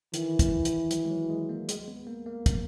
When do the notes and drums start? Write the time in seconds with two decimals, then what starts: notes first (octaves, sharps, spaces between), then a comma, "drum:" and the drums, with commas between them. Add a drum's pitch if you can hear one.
0.14 D#3 E3, drum: hi-hat
0.39 drum: kick, hi-hat
0.65 drum: hi-hat
0.91 F#3, drum: hi-hat
1.05 G#3
1.10 F#3
1.30 G#3
1.49 A#3
1.69 G#3, drum: hi-hat
1.88 B3
2.07 A#3
2.26 A#3
2.46 drum: kick, hi-hat